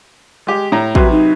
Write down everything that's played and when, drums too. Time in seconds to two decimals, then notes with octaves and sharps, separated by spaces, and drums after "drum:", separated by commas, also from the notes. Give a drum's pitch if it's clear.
0.47 G#3 G4
0.72 A2 A#5
0.95 C3 F#3 F#4 B4, drum: kick
1.11 D#4